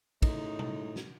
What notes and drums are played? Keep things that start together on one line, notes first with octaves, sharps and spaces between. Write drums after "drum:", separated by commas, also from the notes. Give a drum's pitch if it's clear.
F#2 A2 G#3 D#4, drum: kick, cymbal
drum: tom B2
drum: snare